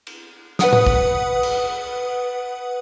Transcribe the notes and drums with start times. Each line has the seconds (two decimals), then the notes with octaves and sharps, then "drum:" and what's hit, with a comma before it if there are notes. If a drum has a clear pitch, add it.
0.07 drum: cymbal
0.59 B4 F#5 D#6, drum: snare
0.73 drum: tom
0.86 drum: kick
1.43 drum: cymbal